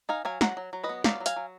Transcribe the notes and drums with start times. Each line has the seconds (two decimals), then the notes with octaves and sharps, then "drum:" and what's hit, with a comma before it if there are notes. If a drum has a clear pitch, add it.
0.09 D#4 F5 G#5
0.25 F#3 F5 G#5
0.41 F#3 F#5 A#5, drum: snare
0.57 F#3
0.73 F#3
0.84 B4 D#5
0.89 B3
1.04 F#3 D5 F5, drum: snare
1.20 F#3
1.26 F5 G#5, drum: hi-hat
1.36 F#3